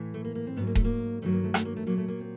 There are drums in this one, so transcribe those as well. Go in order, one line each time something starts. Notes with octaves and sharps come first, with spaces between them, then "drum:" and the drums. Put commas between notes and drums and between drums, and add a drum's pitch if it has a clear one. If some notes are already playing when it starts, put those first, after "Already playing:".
Already playing: A2 E3
A3
A#3
A#3
C4
G#2 D#3 F#3 B3
A#3
A3, drum: kick D#1
A#3
G2 D#3 F#3 A3
A#3
A3
A3, drum: rim click
A#3
A3
A#2 F#3 A#3
A3
A#3
C4